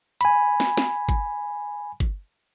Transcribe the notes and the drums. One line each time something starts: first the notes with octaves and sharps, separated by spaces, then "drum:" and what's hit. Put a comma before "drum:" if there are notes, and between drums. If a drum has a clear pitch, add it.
G#5 B5, drum: hi-hat
drum: snare
drum: snare
drum: kick
drum: kick